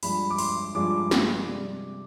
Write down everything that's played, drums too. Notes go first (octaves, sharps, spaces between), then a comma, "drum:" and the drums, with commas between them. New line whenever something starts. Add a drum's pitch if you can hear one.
G2 F3 G#3 B5, drum: open hi-hat
D6
C6, drum: open hi-hat
G2 F3 G#3 D6
drum: snare
C3 G3